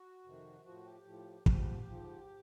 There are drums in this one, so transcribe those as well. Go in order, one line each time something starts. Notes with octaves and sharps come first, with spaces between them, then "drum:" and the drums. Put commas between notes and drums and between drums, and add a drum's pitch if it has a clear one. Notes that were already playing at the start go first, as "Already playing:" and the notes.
Already playing: F#4
F2 C3 D#3
A2 F3 F#4
G4
A2 F3
G#2 F3 G4, drum: kick
G#2 F3